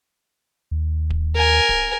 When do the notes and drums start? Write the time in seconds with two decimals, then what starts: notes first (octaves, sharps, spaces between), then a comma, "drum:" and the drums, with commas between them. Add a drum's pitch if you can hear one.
0.71 D#2
1.10 drum: kick D1
1.35 A#4 G#5
1.69 drum: kick D1